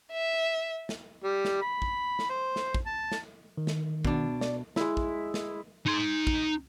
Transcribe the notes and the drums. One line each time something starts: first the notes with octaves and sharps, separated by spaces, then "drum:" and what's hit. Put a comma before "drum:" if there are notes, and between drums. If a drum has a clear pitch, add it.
E5
drum: snare
G3
drum: snare
B5
drum: kick
drum: snare
C5
drum: snare
drum: kick
A5
drum: snare
D#3
drum: snare
B2 D4, drum: kick
D5, drum: snare
G#3 E4, drum: snare
drum: kick
drum: snare
D#4 C6
drum: kick